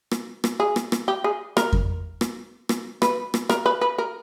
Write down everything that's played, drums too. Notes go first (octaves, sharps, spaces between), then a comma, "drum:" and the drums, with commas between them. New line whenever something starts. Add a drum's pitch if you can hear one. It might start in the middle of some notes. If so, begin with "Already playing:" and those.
drum: rim click
drum: rim click
G#4
drum: rim click
drum: rim click
G4
G#4
A#4, drum: rim click
drum: kick F2
drum: rim click
drum: rim click
B4, drum: rim click
drum: rim click
A#4, drum: rim click
B4
B4
A#4